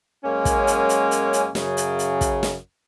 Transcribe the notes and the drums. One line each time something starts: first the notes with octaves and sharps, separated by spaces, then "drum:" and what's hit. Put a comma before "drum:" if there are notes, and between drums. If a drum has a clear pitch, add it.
F#2 G#3 A#3 C#4
drum: kick, hi-hat
drum: hi-hat
drum: hi-hat
drum: hi-hat
drum: hi-hat
F#2 C#3, drum: snare
drum: hi-hat
drum: hi-hat
drum: kick, hi-hat
drum: snare